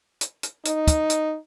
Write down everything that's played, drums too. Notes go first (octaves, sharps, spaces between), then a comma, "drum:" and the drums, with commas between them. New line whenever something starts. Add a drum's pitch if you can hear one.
drum: hi-hat
drum: hi-hat
D#4, drum: hi-hat
drum: kick, hi-hat
drum: hi-hat